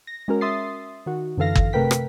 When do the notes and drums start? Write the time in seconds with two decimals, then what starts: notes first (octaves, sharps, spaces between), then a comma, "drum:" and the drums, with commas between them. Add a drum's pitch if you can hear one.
0.07 A#6
0.28 G#3 C#4 F#4 A#4
0.41 E5 C6 D#6 A6 C7
1.06 D#3 F#4
1.37 F#2 D3 E3 A4 F5 A#6
1.55 drum: kick G1
1.73 C3 A3 A#4 B4 G5 B6
1.91 drum: rim click